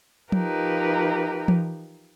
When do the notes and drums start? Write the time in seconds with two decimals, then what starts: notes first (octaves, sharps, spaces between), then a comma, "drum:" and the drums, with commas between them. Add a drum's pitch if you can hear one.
0.32 F3 D#4 G4 A#4 B4, drum: tom F3
1.48 drum: tom E3